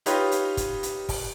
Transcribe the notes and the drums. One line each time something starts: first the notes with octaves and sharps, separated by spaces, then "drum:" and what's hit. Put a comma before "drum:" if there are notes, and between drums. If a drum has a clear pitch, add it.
D#4 F4 G4 B4 C#5 D#5, drum: hi-hat
drum: hi-hat
drum: kick, hi-hat
drum: hi-hat
drum: kick, open hi-hat